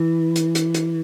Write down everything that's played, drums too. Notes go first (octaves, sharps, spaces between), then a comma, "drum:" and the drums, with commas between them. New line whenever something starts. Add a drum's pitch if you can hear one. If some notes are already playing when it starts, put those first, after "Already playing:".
Already playing: E3
drum: hi-hat
drum: hi-hat
drum: hi-hat